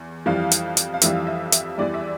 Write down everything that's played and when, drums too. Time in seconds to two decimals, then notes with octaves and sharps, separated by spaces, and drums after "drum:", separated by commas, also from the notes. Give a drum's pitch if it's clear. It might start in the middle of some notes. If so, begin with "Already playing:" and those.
Already playing: E2
0.26 F2 E3 G3 F5
0.51 drum: hi-hat
0.77 drum: hi-hat
0.94 F5
1.02 F2 E3 G3 E5, drum: hi-hat
1.27 E5
1.52 E5, drum: hi-hat
1.77 E2 E3 G3 D5
1.94 E5